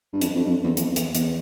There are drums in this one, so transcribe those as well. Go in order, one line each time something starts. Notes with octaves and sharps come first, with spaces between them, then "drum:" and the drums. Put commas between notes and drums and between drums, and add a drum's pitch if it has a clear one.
G2
F2, drum: hi-hat
F2
G2
F2
E2
F2, drum: hi-hat
E2, drum: hi-hat
E2, drum: hi-hat